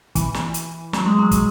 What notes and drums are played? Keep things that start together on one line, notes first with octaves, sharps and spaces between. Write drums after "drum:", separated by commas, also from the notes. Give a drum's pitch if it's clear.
E3, drum: kick, hi-hat
drum: snare
drum: hi-hat
F#3, drum: snare
G#3
F#3
G#3, drum: kick, hi-hat